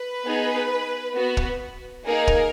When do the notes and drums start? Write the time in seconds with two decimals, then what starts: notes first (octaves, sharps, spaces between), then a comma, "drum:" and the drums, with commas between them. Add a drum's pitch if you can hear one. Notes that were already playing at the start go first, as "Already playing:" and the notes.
Already playing: B4
0.24 B3 D#4 G#4
1.15 B3 F#4
1.37 drum: kick
2.05 A#3 D#4 G#4 A#4
2.27 drum: kick